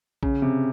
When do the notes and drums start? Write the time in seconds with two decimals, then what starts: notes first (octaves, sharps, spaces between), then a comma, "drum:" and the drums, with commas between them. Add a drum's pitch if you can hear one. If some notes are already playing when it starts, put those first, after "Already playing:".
0.23 C#3, drum: kick A#1
0.42 C3